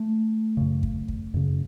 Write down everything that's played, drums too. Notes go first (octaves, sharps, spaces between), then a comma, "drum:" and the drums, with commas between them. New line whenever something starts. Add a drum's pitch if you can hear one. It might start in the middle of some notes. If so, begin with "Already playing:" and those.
Already playing: A3
F#2 C#3
drum: kick
drum: kick
F#2 C#3